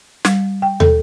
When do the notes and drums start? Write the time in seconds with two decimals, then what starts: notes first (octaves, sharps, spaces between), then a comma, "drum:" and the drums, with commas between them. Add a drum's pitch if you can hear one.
0.25 G3, drum: snare
0.62 G5
0.80 A4, drum: tom